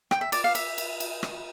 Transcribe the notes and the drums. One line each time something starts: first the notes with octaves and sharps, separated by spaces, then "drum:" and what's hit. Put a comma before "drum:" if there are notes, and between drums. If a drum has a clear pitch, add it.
G5, drum: rim click
E5
D5, drum: cymbal
F5
E5, drum: cymbal
drum: cymbal
drum: cymbal
drum: rim click